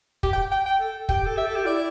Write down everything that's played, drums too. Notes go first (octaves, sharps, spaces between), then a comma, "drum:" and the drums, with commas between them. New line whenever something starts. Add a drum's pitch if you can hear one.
G4, drum: kick
G5
G5
G5
A4
G4 G5, drum: kick
A4
G4 E5
A4
G4
E4 D5